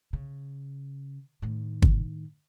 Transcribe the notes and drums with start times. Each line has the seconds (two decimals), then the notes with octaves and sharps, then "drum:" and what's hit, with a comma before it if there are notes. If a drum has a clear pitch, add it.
0.13 C#3
1.42 A2 D#3
1.82 drum: kick